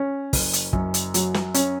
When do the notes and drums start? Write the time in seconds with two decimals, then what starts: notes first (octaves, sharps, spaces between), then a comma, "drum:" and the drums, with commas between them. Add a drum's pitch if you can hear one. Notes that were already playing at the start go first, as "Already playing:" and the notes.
Already playing: C#4
0.33 F#1, drum: kick, open hi-hat
0.53 drum: hi-hat
0.73 F#2, drum: kick
0.94 drum: hi-hat
1.14 F#3, drum: hi-hat
1.34 drum: snare
1.54 C#4, drum: hi-hat